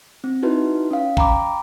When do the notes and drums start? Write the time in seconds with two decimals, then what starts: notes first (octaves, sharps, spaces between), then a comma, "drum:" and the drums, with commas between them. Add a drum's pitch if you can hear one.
0.24 C4
0.43 D#4 E4 F#4 B4
0.91 C#4 F5
1.17 G5 A#5 B5 D6, drum: kick G#1